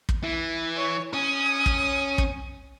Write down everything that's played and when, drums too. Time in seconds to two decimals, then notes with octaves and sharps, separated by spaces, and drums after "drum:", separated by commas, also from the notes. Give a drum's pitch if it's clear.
0.09 drum: kick
0.23 E3
0.77 C#5
1.13 C#4 D#6
1.66 drum: kick
2.18 drum: kick